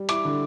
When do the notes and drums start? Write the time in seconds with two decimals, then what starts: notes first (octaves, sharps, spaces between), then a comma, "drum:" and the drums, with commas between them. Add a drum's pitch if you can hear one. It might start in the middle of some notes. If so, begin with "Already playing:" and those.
Already playing: G3
0.09 E4 D6, drum: hi-hat
0.25 D3